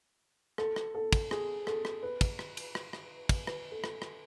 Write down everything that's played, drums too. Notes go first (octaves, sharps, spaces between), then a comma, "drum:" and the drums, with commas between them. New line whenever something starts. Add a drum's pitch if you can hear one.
A4, drum: rim click
drum: rim click
A4
drum: kick, cymbal
G#4, drum: rim click
A4, drum: rim click
drum: rim click
B4
drum: kick, cymbal
drum: rim click
drum: cymbal
drum: rim click
drum: rim click
drum: kick, cymbal
B4, drum: rim click
A4
drum: rim click
drum: rim click